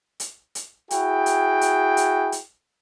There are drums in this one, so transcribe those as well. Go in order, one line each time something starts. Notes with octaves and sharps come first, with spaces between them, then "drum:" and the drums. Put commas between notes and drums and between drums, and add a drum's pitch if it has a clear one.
drum: hi-hat
drum: hi-hat
E4 F#4 G#4 G5, drum: hi-hat
drum: hi-hat
drum: hi-hat
drum: hi-hat
drum: hi-hat